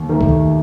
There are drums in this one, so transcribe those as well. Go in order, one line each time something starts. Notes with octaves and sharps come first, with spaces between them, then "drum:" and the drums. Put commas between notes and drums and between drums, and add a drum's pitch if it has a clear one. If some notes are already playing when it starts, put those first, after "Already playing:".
Already playing: D#2
D#3 A3
drum: kick C#2